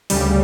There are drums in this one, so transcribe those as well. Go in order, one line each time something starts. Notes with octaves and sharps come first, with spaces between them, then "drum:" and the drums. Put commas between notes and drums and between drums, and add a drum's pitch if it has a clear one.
D2 C#3 G3, drum: open hi-hat